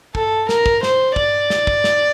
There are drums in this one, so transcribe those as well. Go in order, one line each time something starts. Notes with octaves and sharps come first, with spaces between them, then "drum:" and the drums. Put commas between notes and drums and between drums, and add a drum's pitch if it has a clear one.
A4, drum: kick
A#4, drum: snare
drum: kick
C5, drum: snare
D5, drum: kick
drum: snare
drum: kick
drum: snare